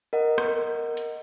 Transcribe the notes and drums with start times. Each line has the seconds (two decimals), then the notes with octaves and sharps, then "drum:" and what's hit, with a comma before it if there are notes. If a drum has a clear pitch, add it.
0.13 A#4 D#5 F#5
0.38 drum: rim click
0.97 drum: hi-hat